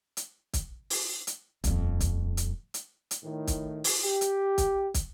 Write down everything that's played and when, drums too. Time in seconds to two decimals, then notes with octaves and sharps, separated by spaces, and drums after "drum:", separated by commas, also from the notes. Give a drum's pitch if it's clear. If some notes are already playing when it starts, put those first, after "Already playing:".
0.17 drum: hi-hat
0.53 drum: kick, hi-hat
0.90 drum: open hi-hat
1.27 drum: hi-hat
1.64 D#1 F2, drum: kick, hi-hat
2.00 drum: kick, hi-hat
2.37 drum: hi-hat
2.74 drum: hi-hat
3.11 drum: hi-hat
3.24 A2 D#3
3.47 drum: kick, hi-hat
3.84 drum: open hi-hat
4.03 G4
4.21 drum: hi-hat
4.58 drum: kick, hi-hat
4.94 drum: kick, hi-hat